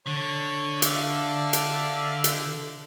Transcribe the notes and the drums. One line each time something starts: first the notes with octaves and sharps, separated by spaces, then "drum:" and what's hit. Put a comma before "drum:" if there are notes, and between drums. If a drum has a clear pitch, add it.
D3 C#5
D5 E5 F5, drum: hi-hat
drum: hi-hat
drum: hi-hat